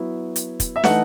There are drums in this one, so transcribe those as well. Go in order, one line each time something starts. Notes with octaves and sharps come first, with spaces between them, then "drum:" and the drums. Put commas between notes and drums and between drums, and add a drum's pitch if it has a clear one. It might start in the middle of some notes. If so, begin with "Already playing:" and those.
Already playing: F#3 B3 E4
drum: hi-hat
drum: kick, hi-hat
E5
E3 A3 D#4 F#5, drum: snare